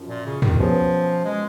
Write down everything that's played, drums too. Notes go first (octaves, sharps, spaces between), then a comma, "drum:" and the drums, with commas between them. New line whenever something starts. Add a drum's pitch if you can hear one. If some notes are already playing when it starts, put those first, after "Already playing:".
Already playing: F#2 F3
A#2
C#3
D#3, drum: tom
B2 F3 F#3 C#4 G#4 B4
G#3